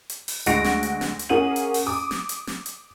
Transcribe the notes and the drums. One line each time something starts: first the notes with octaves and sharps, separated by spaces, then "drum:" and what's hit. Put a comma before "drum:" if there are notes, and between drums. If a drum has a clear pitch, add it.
drum: hi-hat
drum: open hi-hat
D2 G#3 F#4 C#6 A#6 D7, drum: hi-hat
drum: snare
drum: hi-hat
drum: snare
drum: hi-hat
A#3 C#4 G#4 F#5 D#7 F#7
drum: hi-hat
drum: open hi-hat
D6 D#6
drum: snare
drum: hi-hat
drum: snare
drum: hi-hat